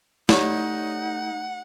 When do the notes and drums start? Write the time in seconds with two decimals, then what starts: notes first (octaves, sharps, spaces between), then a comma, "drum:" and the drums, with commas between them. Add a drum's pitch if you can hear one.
0.29 A3 D#4 G4 C#5 D5 F#5, drum: snare